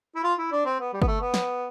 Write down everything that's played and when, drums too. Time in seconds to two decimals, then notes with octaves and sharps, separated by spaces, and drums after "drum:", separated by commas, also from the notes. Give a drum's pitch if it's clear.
0.15 E4
0.24 F4
0.38 E4
0.52 D4
0.65 C4
0.80 B3
0.93 G3
1.02 B3, drum: kick G1
1.07 A3
1.21 B3
1.34 drum: snare